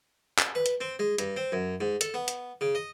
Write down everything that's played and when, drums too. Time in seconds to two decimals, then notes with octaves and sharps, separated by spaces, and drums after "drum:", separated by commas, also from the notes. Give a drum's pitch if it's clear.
0.39 drum: clap
0.55 B4
0.66 drum: hi-hat
0.81 C4
0.99 G#3
1.18 G2, drum: hi-hat
1.36 C4
1.52 F#2
1.80 G#2
2.01 A4, drum: hi-hat
2.14 B3
2.28 drum: hi-hat
2.61 C#3
2.75 D#5